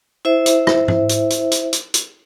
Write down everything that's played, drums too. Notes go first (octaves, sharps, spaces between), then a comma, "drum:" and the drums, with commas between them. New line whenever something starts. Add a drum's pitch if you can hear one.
E4 C5 E5
drum: hi-hat
drum: rim click
drum: tom G#2
drum: hi-hat
drum: hi-hat
drum: hi-hat
drum: hi-hat
drum: hi-hat